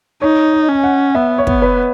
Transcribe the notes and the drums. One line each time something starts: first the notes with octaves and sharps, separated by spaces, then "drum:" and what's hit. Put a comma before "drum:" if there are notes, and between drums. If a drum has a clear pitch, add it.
D#4 C#5
D#5
C#4 G#5
F#5
B3 E5
C#5
B3, drum: kick
B4